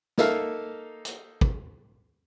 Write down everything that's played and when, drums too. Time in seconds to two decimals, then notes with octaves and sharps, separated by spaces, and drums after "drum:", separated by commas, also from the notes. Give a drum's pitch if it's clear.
0.18 A#3 D#4 A4 E5 F5, drum: snare
1.05 drum: hi-hat
1.41 drum: kick